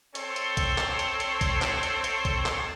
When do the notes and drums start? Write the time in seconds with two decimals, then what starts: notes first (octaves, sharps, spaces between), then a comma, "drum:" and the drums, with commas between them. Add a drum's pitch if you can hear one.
0.15 C4 A4 C#5 C6, drum: hi-hat
0.36 drum: hi-hat
0.57 drum: kick, hi-hat
0.78 drum: clap
0.99 drum: hi-hat
1.20 drum: hi-hat
1.41 drum: kick, hi-hat
1.62 drum: clap
1.83 drum: hi-hat
2.04 drum: hi-hat
2.25 drum: kick, hi-hat
2.46 drum: clap